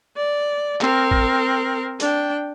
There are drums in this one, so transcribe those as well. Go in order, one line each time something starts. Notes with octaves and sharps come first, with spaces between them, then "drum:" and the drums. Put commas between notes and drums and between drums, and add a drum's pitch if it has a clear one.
D5
C4 A#4, drum: clap
drum: kick
D4 G5, drum: hi-hat